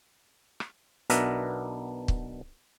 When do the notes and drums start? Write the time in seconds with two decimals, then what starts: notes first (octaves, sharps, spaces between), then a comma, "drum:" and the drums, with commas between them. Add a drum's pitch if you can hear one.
0.60 drum: rim click
1.10 B1 B2 B3 D4 A#4 E5, drum: hi-hat
2.08 drum: kick